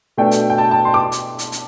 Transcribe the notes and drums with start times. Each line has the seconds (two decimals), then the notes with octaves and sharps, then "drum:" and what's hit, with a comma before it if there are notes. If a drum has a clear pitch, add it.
0.17 B2 A3 D4 G5
0.31 drum: hi-hat
0.50 G5
0.58 A5
0.71 A5
0.85 C6
0.94 D6
1.12 drum: hi-hat
1.39 drum: hi-hat
1.52 drum: hi-hat